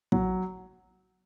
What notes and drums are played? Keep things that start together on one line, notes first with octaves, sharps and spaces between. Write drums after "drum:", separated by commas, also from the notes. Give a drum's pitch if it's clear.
F#3, drum: kick